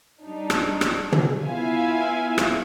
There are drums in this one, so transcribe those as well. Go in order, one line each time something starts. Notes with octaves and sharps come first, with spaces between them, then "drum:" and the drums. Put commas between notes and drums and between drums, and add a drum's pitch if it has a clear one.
G3 D4 D#4
drum: rim click
drum: rim click
drum: tom
B3 E4 F4 E5 F5 G#5
drum: rim click